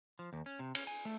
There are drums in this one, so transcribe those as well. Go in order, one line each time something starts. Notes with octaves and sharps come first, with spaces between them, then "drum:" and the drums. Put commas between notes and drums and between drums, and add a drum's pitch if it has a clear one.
F3
D#2
C#4
C3
C#4, drum: cymbal
G#5
A3